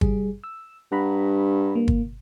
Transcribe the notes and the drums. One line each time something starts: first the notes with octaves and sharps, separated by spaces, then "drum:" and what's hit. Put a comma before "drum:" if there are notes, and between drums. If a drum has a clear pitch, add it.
G3 G#4, drum: kick
E6
G2 F#5 A#5 B5
A#3
drum: kick